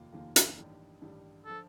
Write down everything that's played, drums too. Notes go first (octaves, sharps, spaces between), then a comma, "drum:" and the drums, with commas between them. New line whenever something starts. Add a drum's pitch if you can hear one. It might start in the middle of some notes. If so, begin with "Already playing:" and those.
Already playing: F1 D#2 D#3 A#3 F4
F1 D#2 D#3 A#3 F4
drum: hi-hat
A1 G2 D#3 G3
A1 G2 D#3 G3
D3 F3 A4